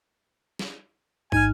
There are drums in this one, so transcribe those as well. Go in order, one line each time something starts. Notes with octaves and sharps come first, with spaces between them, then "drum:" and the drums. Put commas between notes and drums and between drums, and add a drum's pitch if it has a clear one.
drum: snare
G#2 D#4 G#5 F6, drum: kick